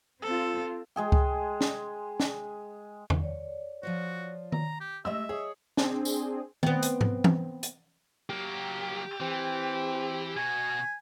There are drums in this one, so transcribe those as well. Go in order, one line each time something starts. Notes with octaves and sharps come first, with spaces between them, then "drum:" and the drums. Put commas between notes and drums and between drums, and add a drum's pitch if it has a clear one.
C4 F4 A4
G#3 G#4 G5
drum: kick C#2
drum: snare
drum: snare
drum: tom
C#5 D5
F3 F4 F#4 C5
A#5, drum: tom D#3
G4
G#3 A3 G4 D#5 E5 E6
G#4 C#5 D#5 D#6
C4 D4 G#4, drum: snare
drum: tambourine
B3 C4, drum: tom D#3
drum: hi-hat
drum: tom G#2
drum: tom E3
drum: hi-hat
F#3 A#3 G4
E3 C4
B2 F#4 G#5